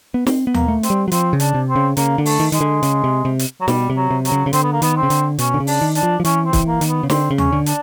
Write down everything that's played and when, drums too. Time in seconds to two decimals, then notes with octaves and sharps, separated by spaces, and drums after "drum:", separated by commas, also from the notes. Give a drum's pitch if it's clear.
0.14 B3
0.27 C4, drum: snare
0.47 B3
0.54 A#3, drum: tom D#2
0.68 A3
0.83 C4, drum: hi-hat
0.90 G3
1.08 F#3
1.12 F3 C4, drum: hi-hat
1.33 C#3
1.40 D4, drum: hi-hat
1.55 C3
1.68 C4
1.76 C#3
1.97 C#3 A#3, drum: hi-hat
2.18 D3
2.26 A3, drum: open hi-hat
2.40 D#3
2.52 D#3 G#3, drum: hi-hat
2.61 D3
2.83 C#3, drum: hi-hat
3.04 C3
3.25 C3
3.39 drum: hi-hat
3.61 F#3
3.68 B2 G3, drum: snare
3.90 C3
3.96 F#3
4.11 C3
4.25 F#3, drum: hi-hat
4.32 C#3
4.46 C#3
4.53 D3 C4, drum: hi-hat
4.63 B3
4.72 A#3
4.82 D#3 B3, drum: hi-hat
4.96 C4
5.03 C#3
5.10 D3, drum: hi-hat
5.39 B2 C#4, drum: hi-hat
5.54 D3
5.60 C#3
5.67 D4, drum: open hi-hat
5.81 D#3
5.95 D4, drum: hi-hat
6.03 F3
6.20 F3
6.25 E3 C#4, drum: hi-hat
6.45 C4
6.53 E3, drum: kick, hi-hat
6.67 A#3
6.81 D#3, drum: hi-hat
6.88 B3
7.03 C#3
7.10 D3 C4, drum: snare
7.31 C#3
7.38 C#4, drum: tom D#2
7.52 D3
7.66 D4, drum: hi-hat